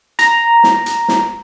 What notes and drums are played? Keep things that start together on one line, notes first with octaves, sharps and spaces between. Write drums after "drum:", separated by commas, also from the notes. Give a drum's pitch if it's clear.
A#5, drum: hi-hat
drum: snare
drum: hi-hat
drum: snare